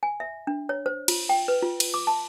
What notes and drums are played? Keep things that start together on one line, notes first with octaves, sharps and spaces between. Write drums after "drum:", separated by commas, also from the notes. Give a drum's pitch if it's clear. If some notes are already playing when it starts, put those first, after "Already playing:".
G#5
E5
D4
C#5
C5
F4, drum: cymbal
G5
B4
F4
drum: cymbal
D6
A5